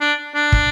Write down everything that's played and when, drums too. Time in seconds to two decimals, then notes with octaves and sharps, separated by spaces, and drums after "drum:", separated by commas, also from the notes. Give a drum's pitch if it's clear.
0.01 D4
0.35 D4
0.52 drum: kick